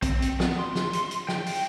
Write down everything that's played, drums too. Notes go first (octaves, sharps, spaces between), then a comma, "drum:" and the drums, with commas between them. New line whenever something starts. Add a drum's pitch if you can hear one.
C4, drum: kick B1, hi-hat
drum: hi-hat
B3, drum: snare
C6
drum: snare
drum: hi-hat
drum: hi-hat
G5, drum: snare
drum: open hi-hat